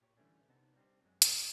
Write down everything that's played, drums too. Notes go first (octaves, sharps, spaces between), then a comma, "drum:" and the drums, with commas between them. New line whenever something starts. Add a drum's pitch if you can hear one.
A#2 G4 C#5
D3 E3 G3 A3 C#4 D4
C3 B3 D#4 A5
G3 C4 D4 G4
F#2 F#3 G#3
A#3 D#4 F#4 C#5, drum: hi-hat